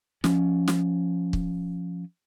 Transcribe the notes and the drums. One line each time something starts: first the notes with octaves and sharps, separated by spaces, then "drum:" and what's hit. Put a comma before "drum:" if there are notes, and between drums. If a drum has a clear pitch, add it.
F3 C#4, drum: snare
drum: snare
drum: kick